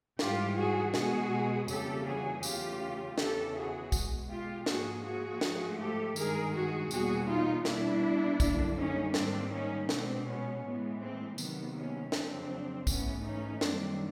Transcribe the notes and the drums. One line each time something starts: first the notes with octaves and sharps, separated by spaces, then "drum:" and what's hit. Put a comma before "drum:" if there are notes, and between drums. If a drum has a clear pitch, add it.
G#2 E3 G3 F4 G4, drum: snare
F#4 G#4
B2 G#3 F#4 G#4, drum: snare
F2 C#3 E3 G3 A#3 G4 A4, drum: tambourine
F#4 G#4
E2 C#3 F#3 A3 F4 G4, drum: tambourine
E2 C#3 E3 G4 A4, drum: snare
F#4 G#4
B2 G#3, drum: kick, tambourine
F4 G4
G#2 F3 A#3 F#4 G#4, drum: snare
F#4 G#4
G#2 F3 A3, drum: snare
G4 A4
G2 D#3 G#3 G#4 A#4, drum: tambourine
F#4 G#4
E2 B2 G3 A#3 F#4 G#4, drum: tambourine
D#4 F4
B2 G3 A#3 D4 E4, drum: snare
F#2 D3 G3 A#3, drum: kick, tambourine
C#4 D#4
G#2 D#3 G3 A#3 C4 D4, drum: snare
C#4 D#4
B2 G#3 C4 D4, drum: snare
B3 C#4
A2 E3 G#3 B3
A#3 C4
C3 D#3 F#3 A#3 B3, drum: tambourine
B3 C#4
F2 C#3 F#3 A#3 C4 D4, drum: snare
G#2 E3 A3 B3 C#4, drum: kick, tambourine
C#4 D#4
F#2 D#3 G3 A#3 C4 D4, drum: snare